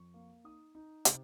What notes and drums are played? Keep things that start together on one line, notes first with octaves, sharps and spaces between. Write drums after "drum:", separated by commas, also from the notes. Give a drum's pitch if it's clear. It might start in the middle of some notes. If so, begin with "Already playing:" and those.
Already playing: F2 C#6
A#3
D#4 D#6
D#4
C3, drum: hi-hat